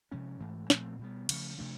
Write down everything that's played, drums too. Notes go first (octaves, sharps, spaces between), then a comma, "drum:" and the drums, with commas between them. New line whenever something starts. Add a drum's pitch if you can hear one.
C3 F3 G#3 C#4
G#2 E3 A3
A#2 F3 A3 C4, drum: snare
B2 G3 B3
C#3 F3 A3, drum: cymbal
C3 F3 A3 D4